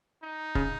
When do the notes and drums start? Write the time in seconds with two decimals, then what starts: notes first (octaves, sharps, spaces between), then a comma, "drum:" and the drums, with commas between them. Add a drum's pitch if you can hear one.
0.23 D#4
0.55 C#3, drum: kick